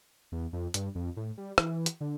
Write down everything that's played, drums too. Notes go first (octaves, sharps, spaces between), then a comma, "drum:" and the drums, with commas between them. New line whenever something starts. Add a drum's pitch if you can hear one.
E2
F2
G2, drum: hi-hat
F2
A2
G3
E3, drum: rim click
drum: hi-hat
D3